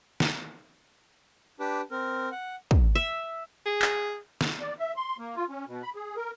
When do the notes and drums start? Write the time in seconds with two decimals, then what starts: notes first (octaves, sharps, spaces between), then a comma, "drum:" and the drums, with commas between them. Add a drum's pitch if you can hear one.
0.20 drum: snare
1.60 D4 G4 B4
1.91 C4 A#4
2.32 F#5
2.71 drum: kick
2.95 E5
3.66 G#4
3.82 drum: clap
4.41 drum: snare
4.61 D5
4.79 E5
4.96 C6
5.19 A#3
5.36 F4
5.49 C#4
5.67 B2
5.83 B5
5.95 G#4
6.16 A#4